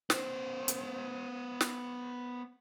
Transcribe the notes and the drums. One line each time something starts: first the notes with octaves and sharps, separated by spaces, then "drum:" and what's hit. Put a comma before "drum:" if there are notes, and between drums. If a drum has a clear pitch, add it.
B3 C5, drum: snare
drum: hi-hat
drum: snare